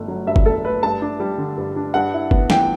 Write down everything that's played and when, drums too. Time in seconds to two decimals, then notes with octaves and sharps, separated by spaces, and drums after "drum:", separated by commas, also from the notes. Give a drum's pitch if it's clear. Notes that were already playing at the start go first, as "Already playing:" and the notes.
Already playing: G1 A3
0.08 F#3
0.27 G2 E5
0.36 drum: kick
0.45 G1 A4
0.64 A3 B4
0.83 G2 A5
1.02 D4
1.20 G3
1.38 D3
1.58 G2
1.76 D4
1.94 G2 F#5
2.14 E4
2.31 B3, drum: kick
2.50 E3 G5, drum: snare